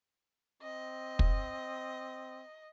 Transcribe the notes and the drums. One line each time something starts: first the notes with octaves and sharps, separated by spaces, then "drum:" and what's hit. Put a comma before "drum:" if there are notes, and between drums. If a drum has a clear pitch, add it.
C4 D#5
drum: kick